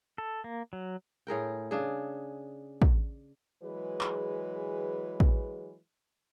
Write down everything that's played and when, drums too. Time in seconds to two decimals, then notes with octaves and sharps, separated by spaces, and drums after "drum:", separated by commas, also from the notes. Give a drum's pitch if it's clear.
0.18 A4
0.44 A#3
0.73 F#3
1.27 A2 G#4 A#4 G5
1.71 C#3 D4 G#4
2.82 drum: kick
3.63 E3 F#3 G#3 G#4 B4
4.01 drum: clap
5.20 drum: kick